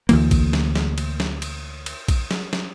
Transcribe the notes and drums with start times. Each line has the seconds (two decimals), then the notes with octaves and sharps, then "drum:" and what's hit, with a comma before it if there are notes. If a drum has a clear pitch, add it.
0.09 D2 E3 A#3, drum: cymbal
0.31 drum: kick A#1, cymbal
0.53 drum: snare
0.75 drum: snare
0.98 drum: cymbal
1.20 drum: snare
1.42 drum: cymbal
1.86 drum: cymbal
2.08 drum: kick A#1, cymbal
2.31 drum: snare
2.53 drum: snare